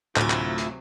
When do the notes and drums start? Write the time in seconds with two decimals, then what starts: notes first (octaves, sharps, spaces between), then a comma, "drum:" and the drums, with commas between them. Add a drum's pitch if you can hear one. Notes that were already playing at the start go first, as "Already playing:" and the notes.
0.16 D2 A2 C3 F#3 E4 F4, drum: clap
0.30 drum: clap
0.58 drum: hi-hat